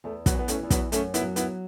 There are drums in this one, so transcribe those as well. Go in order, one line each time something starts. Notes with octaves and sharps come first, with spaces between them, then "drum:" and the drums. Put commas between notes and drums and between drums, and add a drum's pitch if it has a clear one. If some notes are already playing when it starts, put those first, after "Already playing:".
E2 A3
F#3 B3, drum: kick, hi-hat
E3
B3
A3 C#4, drum: hi-hat
E2
F#3 B3, drum: kick, hi-hat
F#2 A3 C#4, drum: hi-hat
B3 E4, drum: hi-hat
F#3
B3 E4, drum: hi-hat